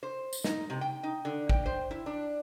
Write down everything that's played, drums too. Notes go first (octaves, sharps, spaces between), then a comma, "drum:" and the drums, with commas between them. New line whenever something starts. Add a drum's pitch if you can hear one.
C5
drum: tambourine
D#4, drum: snare
C3
G5
D#4
D3
G5, drum: kick
C5
E4
D4